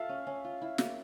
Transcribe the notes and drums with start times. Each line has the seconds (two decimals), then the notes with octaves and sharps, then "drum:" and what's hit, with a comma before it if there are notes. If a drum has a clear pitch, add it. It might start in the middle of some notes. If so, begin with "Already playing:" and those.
Already playing: F4 A4 E5 F5
0.09 C#4
0.27 C#4
0.45 F4
0.62 E4
0.78 A#3, drum: snare